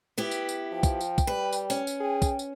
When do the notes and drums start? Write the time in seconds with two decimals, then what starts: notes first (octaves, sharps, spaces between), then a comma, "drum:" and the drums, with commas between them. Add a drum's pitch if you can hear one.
0.18 B3 E4 G4
0.31 drum: tambourine
0.49 drum: tambourine
0.72 F3 G5
0.83 drum: kick, tambourine
1.01 drum: tambourine
1.18 drum: kick, tambourine
1.27 G3 B4
1.53 drum: tambourine
1.70 C#4, drum: tambourine
1.87 drum: tambourine
2.01 G#4 G5
2.22 drum: kick, tambourine
2.39 drum: tambourine